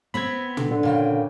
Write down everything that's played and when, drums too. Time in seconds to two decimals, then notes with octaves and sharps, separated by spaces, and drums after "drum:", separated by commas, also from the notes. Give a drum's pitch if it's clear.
0.14 B3 C4 B5 G#6
0.57 D3, drum: tom
0.71 D3
0.83 A#2 C#3 G5